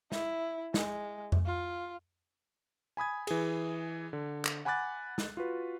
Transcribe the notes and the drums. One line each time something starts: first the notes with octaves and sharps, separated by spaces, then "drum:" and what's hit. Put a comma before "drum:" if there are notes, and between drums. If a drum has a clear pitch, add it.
E4, drum: snare
G#3, drum: snare
drum: tom F2
F4
G#5 B5 D#6 G#6
E3 G#4, drum: cymbal
D3
drum: clap
F#5 G#5 B5 D6 F#6 A6
drum: snare
F4 F#4 B4